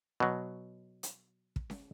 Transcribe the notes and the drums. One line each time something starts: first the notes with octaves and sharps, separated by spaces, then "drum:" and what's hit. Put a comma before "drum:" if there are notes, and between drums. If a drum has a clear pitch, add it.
B2 F#3
drum: hi-hat
drum: kick
drum: snare C#4